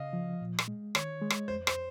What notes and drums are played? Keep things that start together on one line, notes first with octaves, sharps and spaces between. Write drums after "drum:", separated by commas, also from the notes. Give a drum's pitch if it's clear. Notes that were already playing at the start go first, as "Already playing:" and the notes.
Already playing: C#3 D#5 F5
F3
A#2
drum: rim click
G#3
D#3 C#5, drum: rim click
G#3
drum: rim click
F2 C5
C5, drum: rim click